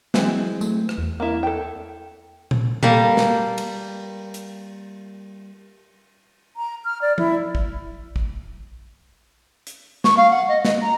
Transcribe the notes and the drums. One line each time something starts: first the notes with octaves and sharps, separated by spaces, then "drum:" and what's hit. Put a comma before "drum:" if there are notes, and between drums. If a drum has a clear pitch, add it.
E3 F#3 G#3 C4, drum: snare
A3, drum: tambourine
drum: rim click
E2
A#3 E4
A4 G5
drum: tom A#2
G3 A#3 A5, drum: tom A#2
drum: snare
drum: cymbal
drum: hi-hat
A#5
F6
D5
E4, drum: tom F3
drum: kick
drum: kick
drum: hi-hat
C#6, drum: snare
F5
F#5
D#5
D#5, drum: snare
A#5